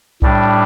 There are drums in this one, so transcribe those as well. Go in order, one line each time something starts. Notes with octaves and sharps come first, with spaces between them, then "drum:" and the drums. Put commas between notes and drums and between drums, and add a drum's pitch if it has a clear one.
A2 G3 D4, drum: kick B1